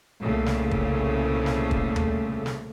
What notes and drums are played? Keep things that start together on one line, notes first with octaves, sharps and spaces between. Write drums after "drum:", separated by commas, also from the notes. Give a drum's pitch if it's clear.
C2 A#2 C#3 A3
drum: snare
drum: kick
drum: snare
drum: kick
drum: tom D#2
drum: snare